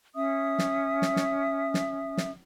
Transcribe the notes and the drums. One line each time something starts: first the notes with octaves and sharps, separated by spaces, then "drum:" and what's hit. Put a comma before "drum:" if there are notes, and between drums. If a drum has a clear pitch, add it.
C#4 E5 D#6
drum: snare
drum: snare
drum: snare
drum: snare
drum: snare